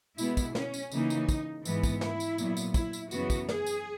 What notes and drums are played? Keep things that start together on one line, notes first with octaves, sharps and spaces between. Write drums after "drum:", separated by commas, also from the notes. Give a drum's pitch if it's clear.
B2 G#3 B3 E4, drum: tambourine
drum: kick, tambourine
C#4, drum: snare
drum: tambourine
C#3 E3 A#3 D#4, drum: tambourine
drum: tambourine
drum: kick, tambourine
G#2 E3 B3, drum: tambourine
drum: kick, tambourine
E4, drum: snare
drum: tambourine
A#2 F#3 B3, drum: tambourine
drum: tambourine
E4, drum: kick, tambourine
drum: tambourine
F#2 C#3 E3 B3 F#4, drum: tambourine
drum: kick, tambourine
G#4, drum: snare
drum: tambourine